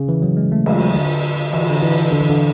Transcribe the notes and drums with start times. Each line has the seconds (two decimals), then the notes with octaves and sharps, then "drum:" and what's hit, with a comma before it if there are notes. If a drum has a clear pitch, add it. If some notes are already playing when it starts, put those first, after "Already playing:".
Already playing: C#3
0.09 E3
0.22 F#3
0.37 G#3
0.52 A3
0.66 G#3, drum: cymbal
0.80 F#3
0.96 D3
1.53 E3, drum: cymbal
1.70 D3
1.82 E3
2.12 D3
2.20 E3
2.29 D3